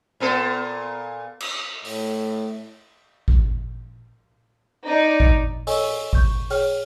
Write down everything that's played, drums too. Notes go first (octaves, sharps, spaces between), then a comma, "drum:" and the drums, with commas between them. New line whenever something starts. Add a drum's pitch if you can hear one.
A#2 B3 A4
drum: cymbal
A2, drum: open hi-hat
drum: kick G#1
D#4 D5
drum: kick G#1
A4 C#5 D#5 G#5 C#6 E6, drum: open hi-hat
C#6 G6, drum: kick G#1
G#4 C#5 G5 F6, drum: open hi-hat